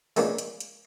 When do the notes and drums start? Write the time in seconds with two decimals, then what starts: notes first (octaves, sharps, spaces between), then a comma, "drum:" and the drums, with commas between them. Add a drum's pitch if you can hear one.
0.16 F3 G#3 A#3 B3 C#4 D4, drum: open hi-hat
0.38 drum: hi-hat
0.60 drum: hi-hat